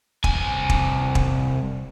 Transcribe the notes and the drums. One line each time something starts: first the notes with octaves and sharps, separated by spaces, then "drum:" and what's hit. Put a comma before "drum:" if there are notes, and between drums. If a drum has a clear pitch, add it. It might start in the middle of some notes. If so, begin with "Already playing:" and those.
C2 G#5, drum: kick E1
drum: kick E1
drum: kick E1